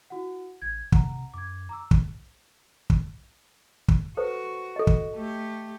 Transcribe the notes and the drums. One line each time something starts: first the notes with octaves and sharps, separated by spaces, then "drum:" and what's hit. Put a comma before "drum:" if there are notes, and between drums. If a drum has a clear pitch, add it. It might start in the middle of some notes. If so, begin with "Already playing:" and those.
E4 F#4 F#5
A1 G#6
C3 F#5 A#5, drum: kick
F#2 D6 G#6
A#5 D6 E6
drum: kick
drum: kick
drum: kick
F#4 A4 B4 C5
A4 D#5
drum: kick
A3 G4